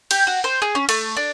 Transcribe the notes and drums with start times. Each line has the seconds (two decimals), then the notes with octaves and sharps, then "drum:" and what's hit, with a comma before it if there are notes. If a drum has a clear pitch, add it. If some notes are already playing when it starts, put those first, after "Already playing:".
0.11 G4, drum: cymbal
0.27 F#4
0.44 C5
0.62 G#4
0.75 C#4
0.89 A3, drum: cymbal
1.17 D4